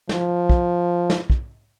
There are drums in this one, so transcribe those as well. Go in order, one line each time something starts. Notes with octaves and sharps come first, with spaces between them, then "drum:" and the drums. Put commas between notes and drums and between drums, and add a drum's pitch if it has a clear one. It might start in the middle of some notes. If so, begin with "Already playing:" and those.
F3, drum: snare
drum: kick
drum: snare
drum: kick